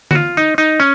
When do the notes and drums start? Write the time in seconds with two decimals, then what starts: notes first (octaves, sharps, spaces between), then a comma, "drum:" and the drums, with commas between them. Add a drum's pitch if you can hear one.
0.11 F#4, drum: tom D3
0.15 F4
0.37 D#4
0.58 D#4
0.80 C#4